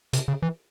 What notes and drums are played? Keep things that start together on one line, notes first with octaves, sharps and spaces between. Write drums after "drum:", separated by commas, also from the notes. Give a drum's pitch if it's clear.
C3, drum: hi-hat
C#3
E3